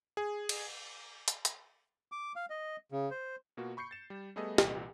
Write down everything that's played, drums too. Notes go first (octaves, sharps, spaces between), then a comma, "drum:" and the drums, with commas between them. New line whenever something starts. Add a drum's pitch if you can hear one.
G#4
drum: cymbal
drum: hi-hat
drum: hi-hat
D6
F5
D#5
C#3
C5
B2 A#3 F4 F#4
B5 C#6 G6 C7 C#7
A6 E7
G3
G3 A3 B3 G#4 A4 D#5
C2 A#2 E3, drum: snare